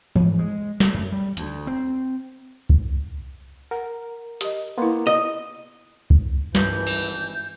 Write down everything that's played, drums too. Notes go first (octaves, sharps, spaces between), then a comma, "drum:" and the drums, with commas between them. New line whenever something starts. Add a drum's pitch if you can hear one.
G#2, drum: tom E3
G#3
A3, drum: snare
F#2
G3
D2, drum: hi-hat
C4
drum: kick C2
A#4 F#5
G4 D#5, drum: hi-hat
A#3 B3 E4 C6
D#5
drum: kick C2
G#1 G2 E3 C#4 G6, drum: snare
drum: cymbal